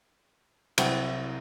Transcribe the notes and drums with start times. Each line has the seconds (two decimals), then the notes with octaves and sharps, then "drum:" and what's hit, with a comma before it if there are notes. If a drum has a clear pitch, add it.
0.78 C2 F#3 E4 C5 F#5 G5, drum: cymbal